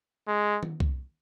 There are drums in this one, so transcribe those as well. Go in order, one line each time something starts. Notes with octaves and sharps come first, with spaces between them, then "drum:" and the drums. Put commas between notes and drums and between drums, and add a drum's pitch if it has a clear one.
G#3
drum: tom D#3
drum: kick